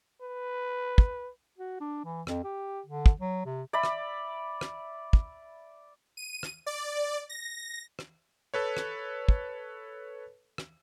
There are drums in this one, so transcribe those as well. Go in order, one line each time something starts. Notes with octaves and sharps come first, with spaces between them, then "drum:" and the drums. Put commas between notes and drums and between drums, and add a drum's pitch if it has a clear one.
B4
drum: kick
F#4
D4
E3
F2, drum: rim click
G4
D3
drum: kick
F#3
C3
D5 E5 B5
drum: rim click
drum: rim click
drum: kick
D#7
drum: rim click
D5
A#6
drum: rim click
A4 B4 C#5
drum: rim click
drum: kick
drum: rim click